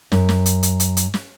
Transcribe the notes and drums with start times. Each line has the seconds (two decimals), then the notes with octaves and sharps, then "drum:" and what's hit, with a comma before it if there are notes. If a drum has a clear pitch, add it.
0.12 F#2, drum: snare
0.29 drum: snare
0.46 drum: hi-hat
0.63 drum: hi-hat
0.80 drum: hi-hat
0.97 drum: hi-hat
1.14 drum: snare